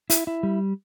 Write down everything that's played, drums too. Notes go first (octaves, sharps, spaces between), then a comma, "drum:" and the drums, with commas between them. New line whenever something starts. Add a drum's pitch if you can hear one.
E4, drum: hi-hat
E4
G3